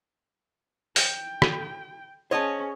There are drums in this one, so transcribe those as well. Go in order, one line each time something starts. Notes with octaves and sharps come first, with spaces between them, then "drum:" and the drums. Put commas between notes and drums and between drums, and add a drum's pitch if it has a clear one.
G5, drum: open hi-hat
drum: rim click
C#4 G#4 C5 C#5 D#5 F#5 A5